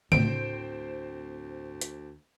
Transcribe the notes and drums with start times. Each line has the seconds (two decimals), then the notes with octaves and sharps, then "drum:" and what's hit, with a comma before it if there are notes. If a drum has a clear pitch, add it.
0.12 D2 A2 C4 E4 C5 D7, drum: tom C#3
1.81 drum: hi-hat